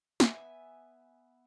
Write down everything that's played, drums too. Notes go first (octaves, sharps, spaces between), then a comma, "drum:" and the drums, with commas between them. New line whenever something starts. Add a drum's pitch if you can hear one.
B3 E5 G#5, drum: snare